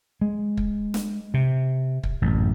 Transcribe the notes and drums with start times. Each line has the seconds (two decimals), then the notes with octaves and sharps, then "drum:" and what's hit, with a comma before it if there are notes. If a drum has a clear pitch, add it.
0.21 G#3
0.57 drum: kick
0.94 drum: snare
1.34 C3
2.04 drum: kick
2.22 A1 F#2